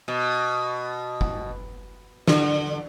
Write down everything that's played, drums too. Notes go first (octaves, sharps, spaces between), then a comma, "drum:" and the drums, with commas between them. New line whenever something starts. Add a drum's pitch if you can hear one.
B2
drum: kick
D3, drum: snare